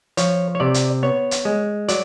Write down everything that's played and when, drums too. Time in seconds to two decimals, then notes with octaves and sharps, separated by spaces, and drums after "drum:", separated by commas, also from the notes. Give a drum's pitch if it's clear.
0.17 F3 C#5, drum: hi-hat
0.55 C#5
0.60 C3 D5
0.74 drum: hi-hat
1.03 B3 C#5
1.31 drum: hi-hat
1.45 G#3
1.88 F#3 D5, drum: hi-hat